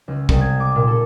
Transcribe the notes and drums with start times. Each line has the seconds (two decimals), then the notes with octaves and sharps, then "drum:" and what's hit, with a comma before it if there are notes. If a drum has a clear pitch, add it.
0.08 C#2
0.29 C2, drum: kick
0.41 G#6
0.60 D6
0.75 A#2
0.87 A4